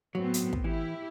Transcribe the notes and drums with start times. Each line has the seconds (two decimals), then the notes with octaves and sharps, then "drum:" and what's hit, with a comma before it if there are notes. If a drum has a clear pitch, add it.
0.15 A2 F#3 B3 C4
0.34 drum: hi-hat
0.53 drum: kick
0.64 E3 E4 G4